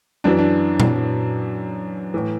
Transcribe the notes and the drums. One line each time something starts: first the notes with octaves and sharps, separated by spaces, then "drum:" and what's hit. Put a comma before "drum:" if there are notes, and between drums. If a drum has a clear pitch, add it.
F#2 E3 D4
D4
drum: tom A#2
A2 E3